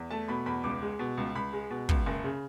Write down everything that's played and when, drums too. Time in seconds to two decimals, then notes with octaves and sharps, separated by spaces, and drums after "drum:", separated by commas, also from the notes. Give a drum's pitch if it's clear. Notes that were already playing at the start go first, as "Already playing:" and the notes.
Already playing: E2
0.11 A3 A5
0.28 B2 B5
0.46 E2 B5
0.64 C#2 D6
0.82 G#3
0.99 B2
1.18 C#2
1.35 C#2 B5
1.53 G#3
1.70 B2
1.89 C#2, drum: kick
2.06 F#1
2.24 C#3